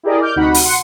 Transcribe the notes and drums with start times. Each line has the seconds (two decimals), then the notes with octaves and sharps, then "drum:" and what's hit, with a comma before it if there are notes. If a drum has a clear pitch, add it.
0.03 E4 G4 G#4 A#4 D5 D#5
0.21 D6 F6 G6
0.36 D2 C3 D#4 F#4 F#5 B5
0.54 drum: open hi-hat
0.64 F#5 C6 C#7